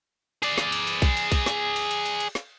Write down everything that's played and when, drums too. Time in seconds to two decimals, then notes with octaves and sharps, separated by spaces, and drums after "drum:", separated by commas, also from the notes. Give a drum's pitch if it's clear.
0.43 G#4 D5, drum: cymbal
0.58 drum: snare
0.72 drum: cymbal
0.87 drum: cymbal
1.02 drum: kick B1, cymbal
1.17 drum: cymbal
1.32 drum: kick B1, cymbal
1.46 drum: snare
1.76 drum: cymbal
1.91 drum: cymbal
2.06 drum: cymbal
2.20 drum: cymbal
2.35 drum: snare